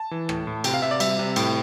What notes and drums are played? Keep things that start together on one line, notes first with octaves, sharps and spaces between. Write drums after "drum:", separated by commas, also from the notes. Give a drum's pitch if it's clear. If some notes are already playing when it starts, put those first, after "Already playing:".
Already playing: A5
E3
A2, drum: rim click
A2
C3 G5, drum: cymbal
F5
C3 E5
D5
G3 E5, drum: cymbal
C3
A2 G5, drum: cymbal